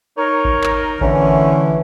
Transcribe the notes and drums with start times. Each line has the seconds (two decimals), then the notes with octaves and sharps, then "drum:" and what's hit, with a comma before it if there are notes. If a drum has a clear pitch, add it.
0.18 D#4 A#4 C#5
0.45 drum: kick G#1
0.64 drum: clap
1.01 D3 E3 A3 C#4, drum: kick G#1